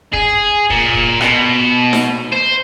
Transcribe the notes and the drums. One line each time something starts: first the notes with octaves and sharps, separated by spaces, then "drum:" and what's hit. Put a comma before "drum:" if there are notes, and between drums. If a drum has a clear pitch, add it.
G#4, drum: kick
A#2, drum: kick
drum: kick
B2, drum: rim click
drum: snare D#4
C5